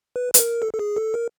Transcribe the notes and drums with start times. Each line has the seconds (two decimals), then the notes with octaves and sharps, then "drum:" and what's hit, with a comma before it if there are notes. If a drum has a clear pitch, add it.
0.16 B4
0.34 B4, drum: hi-hat
0.39 A#4
0.62 A4
0.73 A4
0.79 G#4
0.96 A4
1.14 A#4